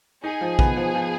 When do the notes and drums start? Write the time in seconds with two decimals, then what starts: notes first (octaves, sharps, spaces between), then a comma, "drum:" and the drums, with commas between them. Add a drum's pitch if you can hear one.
0.24 D#4 G#4
0.41 F3
0.59 B3, drum: kick
0.76 F3
0.95 F3